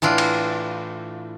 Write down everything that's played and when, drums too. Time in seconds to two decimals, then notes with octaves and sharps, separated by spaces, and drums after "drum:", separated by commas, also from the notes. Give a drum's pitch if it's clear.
0.02 A2 E3 D4 F4
0.18 drum: cymbal